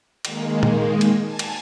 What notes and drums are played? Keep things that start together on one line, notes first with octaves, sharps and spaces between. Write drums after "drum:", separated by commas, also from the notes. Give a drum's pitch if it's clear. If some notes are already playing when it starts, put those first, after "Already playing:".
D#3 G#3 A#3, drum: cymbal
drum: tom A#2
drum: cymbal
G#5 A5 G#6
drum: cymbal